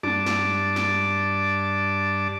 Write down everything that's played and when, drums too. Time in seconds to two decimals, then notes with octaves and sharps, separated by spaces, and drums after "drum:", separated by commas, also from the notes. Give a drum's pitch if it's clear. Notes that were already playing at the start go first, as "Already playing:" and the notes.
0.03 G2 D5 A5 D6, drum: tom
0.26 drum: snare
0.76 drum: snare